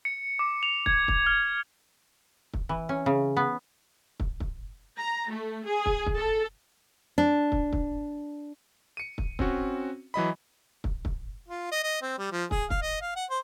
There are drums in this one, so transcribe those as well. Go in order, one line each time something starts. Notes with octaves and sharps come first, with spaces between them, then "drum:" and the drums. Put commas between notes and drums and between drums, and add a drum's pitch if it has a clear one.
C#7
D6
F7
G#6, drum: kick
drum: kick
F6
drum: kick
E3
C#4
C#3
B3
drum: kick
drum: kick
A#5
A3
G#4
drum: kick
drum: kick
A4
D4
drum: kick
drum: kick
C#7 D#7
drum: kick
C4 C#4 F#4, drum: kick
E3 F#3 D#5 B5
drum: kick
drum: kick
F4
D#5
D#5
C4
G3
F3
G#4, drum: kick
F5, drum: kick
D#5
F5
F#5
C5